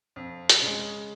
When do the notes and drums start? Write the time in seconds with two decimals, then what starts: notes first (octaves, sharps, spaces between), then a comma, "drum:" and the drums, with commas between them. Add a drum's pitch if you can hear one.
0.16 F2
0.49 drum: hi-hat
0.62 C#3 G#3